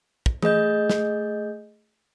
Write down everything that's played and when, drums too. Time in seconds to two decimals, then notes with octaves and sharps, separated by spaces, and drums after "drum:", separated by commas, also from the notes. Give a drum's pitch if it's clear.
0.26 drum: kick
0.42 A3 G#4 D#5 G6, drum: tom E3
0.90 drum: snare